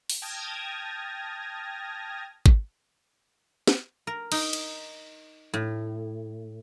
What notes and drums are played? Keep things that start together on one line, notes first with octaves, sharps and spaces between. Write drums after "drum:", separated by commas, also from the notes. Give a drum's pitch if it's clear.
drum: open hi-hat
G5 A5 D#6 F6 G#6 A#6
drum: kick G#1
drum: snare
A#4
D#4, drum: cymbal
drum: cymbal
A2